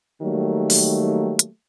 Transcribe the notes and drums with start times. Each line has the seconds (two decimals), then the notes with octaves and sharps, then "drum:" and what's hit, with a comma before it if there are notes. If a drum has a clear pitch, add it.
0.22 D#3 F#3 G3 A3 A#3 G4
0.70 drum: open hi-hat
1.39 drum: hi-hat